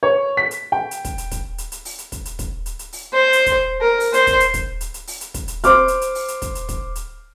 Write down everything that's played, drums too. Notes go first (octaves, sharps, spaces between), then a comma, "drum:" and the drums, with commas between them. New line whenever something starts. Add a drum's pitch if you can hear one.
C#5
B6
drum: hi-hat
G5
drum: hi-hat
drum: kick, hi-hat
drum: hi-hat
drum: kick, hi-hat
drum: hi-hat
drum: hi-hat
drum: open hi-hat
drum: hi-hat
drum: kick, hi-hat
drum: hi-hat
drum: kick, hi-hat
drum: hi-hat
drum: hi-hat
drum: open hi-hat
C5
drum: hi-hat
drum: kick, hi-hat
A#4
drum: open hi-hat
C5, drum: hi-hat
drum: kick, hi-hat
drum: hi-hat
drum: kick, hi-hat
drum: hi-hat
drum: hi-hat
drum: open hi-hat
drum: hi-hat
drum: kick, hi-hat
drum: hi-hat
C5 D6 F6, drum: kick, hi-hat
drum: hi-hat
drum: hi-hat
drum: open hi-hat
drum: hi-hat
drum: kick, hi-hat
drum: hi-hat
drum: kick, hi-hat
drum: hi-hat